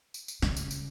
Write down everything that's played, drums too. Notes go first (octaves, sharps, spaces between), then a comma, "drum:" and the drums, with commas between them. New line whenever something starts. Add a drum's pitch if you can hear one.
drum: tambourine
drum: tambourine
C#3, drum: snare
drum: tambourine
drum: tambourine